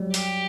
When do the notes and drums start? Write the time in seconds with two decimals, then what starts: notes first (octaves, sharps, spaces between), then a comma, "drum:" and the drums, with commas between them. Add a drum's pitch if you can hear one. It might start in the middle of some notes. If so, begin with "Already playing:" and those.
Already playing: F#3 G3
0.14 G4, drum: hi-hat